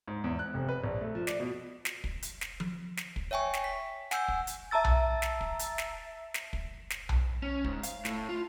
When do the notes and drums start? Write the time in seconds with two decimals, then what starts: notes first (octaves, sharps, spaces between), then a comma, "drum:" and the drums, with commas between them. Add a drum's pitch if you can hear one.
0.08 G#2
0.24 E2
0.39 F#6
0.54 F1
0.69 B4
0.84 A#1
1.01 A3
1.15 F3
1.27 D5, drum: snare
1.40 B2
1.85 drum: snare
2.04 drum: kick
2.22 drum: hi-hat
2.41 drum: snare
2.60 drum: tom F3
2.97 drum: snare
3.16 drum: kick
3.31 C#5 E5 G5 G#5 C#6
3.53 drum: snare
3.64 B6
4.11 F#5 G#5 E6 G6, drum: snare
4.28 drum: kick
4.47 drum: hi-hat
4.71 E5 A5 A#5 E6 A6
4.84 drum: tom B1
5.22 drum: snare
5.41 drum: kick
5.59 drum: hi-hat
5.78 drum: snare
6.34 drum: snare
6.53 drum: kick
6.90 drum: snare
7.09 drum: tom B1
7.42 C#4
7.64 G#2, drum: kick
7.83 F5, drum: hi-hat
8.05 A2, drum: snare
8.29 F4